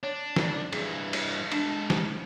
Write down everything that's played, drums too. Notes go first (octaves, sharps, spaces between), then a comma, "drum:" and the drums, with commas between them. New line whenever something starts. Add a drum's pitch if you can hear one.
D4 C#5
drum: snare
G2 E3 G#4, drum: cymbal
drum: cymbal
G#3 D4 A5, drum: cymbal
drum: snare